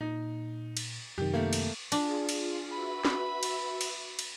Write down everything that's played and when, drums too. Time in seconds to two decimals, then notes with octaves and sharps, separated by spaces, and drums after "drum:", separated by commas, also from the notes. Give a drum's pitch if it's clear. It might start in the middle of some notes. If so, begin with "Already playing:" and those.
0.01 A#2 D#4
0.77 drum: cymbal
1.18 F#2 C3 D#3 G4
1.34 A3 A#3
1.53 drum: cymbal
1.92 D4 F4 G#4, drum: cymbal
2.29 drum: cymbal
2.70 F#4 B4 E5 B5
3.05 drum: snare
3.43 drum: cymbal
3.81 drum: cymbal
4.19 drum: cymbal